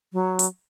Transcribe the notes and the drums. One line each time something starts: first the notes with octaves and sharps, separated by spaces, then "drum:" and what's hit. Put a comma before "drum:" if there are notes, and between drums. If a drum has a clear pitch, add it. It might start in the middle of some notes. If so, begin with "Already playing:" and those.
F#3
drum: hi-hat